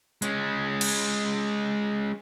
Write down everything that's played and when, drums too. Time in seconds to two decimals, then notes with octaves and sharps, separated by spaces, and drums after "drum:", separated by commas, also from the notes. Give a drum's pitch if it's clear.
0.22 G#3 C#4, drum: hi-hat
0.81 drum: cymbal